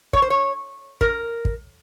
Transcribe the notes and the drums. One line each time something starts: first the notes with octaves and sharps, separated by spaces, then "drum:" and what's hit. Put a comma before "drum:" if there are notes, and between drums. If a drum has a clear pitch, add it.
C#5, drum: kick
C5
C#5
A#4, drum: kick
drum: kick